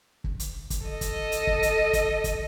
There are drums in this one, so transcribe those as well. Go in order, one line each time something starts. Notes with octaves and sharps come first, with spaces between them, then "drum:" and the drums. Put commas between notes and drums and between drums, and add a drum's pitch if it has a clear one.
drum: kick
drum: hi-hat
drum: kick, hi-hat
A4 D#5
drum: kick, hi-hat
drum: hi-hat
drum: kick
drum: hi-hat
drum: kick, hi-hat
drum: kick, hi-hat